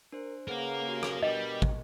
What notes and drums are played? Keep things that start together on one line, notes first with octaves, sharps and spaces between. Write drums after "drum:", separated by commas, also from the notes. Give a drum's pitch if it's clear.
D4 A#4 C5
C#3 G#4 A#4 B4 F5 F#5
F#4 G4
drum: rim click
B2 G3 D4 A#4 D#5 G5
drum: kick